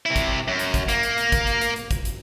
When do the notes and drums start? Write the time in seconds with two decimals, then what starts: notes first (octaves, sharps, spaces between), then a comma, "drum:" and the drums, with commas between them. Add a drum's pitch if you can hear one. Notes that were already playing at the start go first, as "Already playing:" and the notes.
0.06 C3 E4
0.16 drum: kick, hi-hat
0.48 F#2
0.59 drum: hi-hat
0.74 drum: kick, hi-hat
0.89 A#3, drum: hi-hat
1.03 drum: hi-hat
1.18 drum: hi-hat
1.32 drum: kick, hi-hat
1.47 drum: hi-hat
1.61 drum: hi-hat
1.76 drum: hi-hat
1.91 drum: kick, hi-hat
2.05 drum: hi-hat